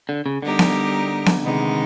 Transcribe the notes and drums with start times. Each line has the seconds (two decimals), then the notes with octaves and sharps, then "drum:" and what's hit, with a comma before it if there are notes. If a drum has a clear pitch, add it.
0.09 D3
0.26 C#3
0.41 D3 G3 B3 D#4 G4 A#4
0.59 drum: snare B3
1.26 drum: snare B3
1.43 C3 D#3 G#3 B3 D#4